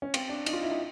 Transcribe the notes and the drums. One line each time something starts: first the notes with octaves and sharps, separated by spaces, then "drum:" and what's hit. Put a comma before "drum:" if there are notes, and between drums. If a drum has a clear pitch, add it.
C#4
C4, drum: cymbal
D4
D#4, drum: cymbal
F4
E4
D#4